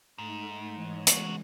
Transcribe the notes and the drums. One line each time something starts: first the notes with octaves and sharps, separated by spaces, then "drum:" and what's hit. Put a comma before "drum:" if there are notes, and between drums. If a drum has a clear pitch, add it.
G#2 A3 D#4
E3 C#5 D#5
G#2 C#3 E3 G#3 F#4, drum: hi-hat